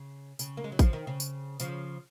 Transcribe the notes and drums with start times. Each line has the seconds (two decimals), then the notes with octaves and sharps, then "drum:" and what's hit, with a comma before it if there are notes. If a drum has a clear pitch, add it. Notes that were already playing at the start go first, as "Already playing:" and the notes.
Already playing: C#3
0.39 C#3, drum: tambourine
0.57 A#3
0.64 G#3
0.72 F#3
0.79 C#3 F3, drum: kick A1, tambourine
0.93 D#3
1.07 C#3
1.20 drum: tambourine
1.60 C#3 F3, drum: tambourine